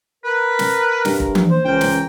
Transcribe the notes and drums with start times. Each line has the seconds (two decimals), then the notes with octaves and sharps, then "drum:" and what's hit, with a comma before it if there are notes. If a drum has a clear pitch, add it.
0.24 A#4 B4
0.59 drum: snare
1.05 G2, drum: snare
1.20 drum: kick
1.35 drum: tom E3
1.50 A#1 C5
1.65 C#2 E3 A#4 G5
1.81 drum: snare